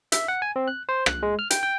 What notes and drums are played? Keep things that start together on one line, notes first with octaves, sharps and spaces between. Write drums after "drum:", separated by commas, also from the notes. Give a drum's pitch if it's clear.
E5, drum: hi-hat
F#5
G#5
C4
F#6
C5
F#6, drum: rim click
G#3
F6
G5, drum: hi-hat
G5